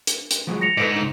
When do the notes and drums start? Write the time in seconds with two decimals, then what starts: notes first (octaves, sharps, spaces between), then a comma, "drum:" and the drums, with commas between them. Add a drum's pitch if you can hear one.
0.07 drum: hi-hat
0.31 drum: hi-hat
0.47 F3 F#3 G#3
0.61 A#6 C#7 F7
0.77 G#2 A4 B4 D5
0.96 C#2 D#4